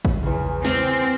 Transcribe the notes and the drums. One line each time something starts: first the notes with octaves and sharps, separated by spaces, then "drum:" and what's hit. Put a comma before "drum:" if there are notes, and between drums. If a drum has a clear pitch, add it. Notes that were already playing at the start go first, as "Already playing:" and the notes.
drum: kick A1
E2 C#3
C4 G#5 D6 F6, drum: snare